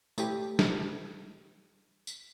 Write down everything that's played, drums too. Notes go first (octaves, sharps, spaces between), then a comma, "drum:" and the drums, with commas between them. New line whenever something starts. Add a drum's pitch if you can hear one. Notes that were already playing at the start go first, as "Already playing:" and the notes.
A3 E4 G4, drum: tambourine
drum: snare
drum: tambourine